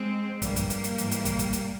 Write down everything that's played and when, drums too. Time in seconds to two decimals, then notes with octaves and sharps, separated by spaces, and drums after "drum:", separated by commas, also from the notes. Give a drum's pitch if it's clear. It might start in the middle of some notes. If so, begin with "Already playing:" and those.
Already playing: G#3 C4
0.42 G2 F3 G3 A#3, drum: kick, hi-hat
0.56 drum: kick, hi-hat
0.70 drum: hi-hat
0.84 drum: hi-hat
0.98 G#2 E3, drum: hi-hat
1.11 drum: hi-hat
1.25 drum: kick, hi-hat
1.39 drum: kick, hi-hat
1.53 drum: hi-hat